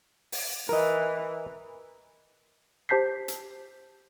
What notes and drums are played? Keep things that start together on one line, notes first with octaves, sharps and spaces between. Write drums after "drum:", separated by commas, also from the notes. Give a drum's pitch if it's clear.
drum: open hi-hat
E3 A#4 D#5
G4 C5 A5 G6 B6 C7
drum: hi-hat